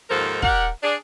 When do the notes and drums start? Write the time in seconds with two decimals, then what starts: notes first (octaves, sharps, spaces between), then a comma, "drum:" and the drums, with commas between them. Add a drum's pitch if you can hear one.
0.09 D#2 G#2 F3 A4 A#4 C5
0.42 G4 A#4 D5 F#5, drum: kick
0.83 D4 G#4 D5